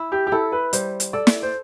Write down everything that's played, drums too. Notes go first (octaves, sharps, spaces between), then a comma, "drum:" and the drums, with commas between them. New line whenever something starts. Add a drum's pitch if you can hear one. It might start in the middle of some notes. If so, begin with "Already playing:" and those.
Already playing: E4
G4
G4
E4 A4
B4
G3 C5, drum: hi-hat
drum: hi-hat
A4 D5
drum: snare
C5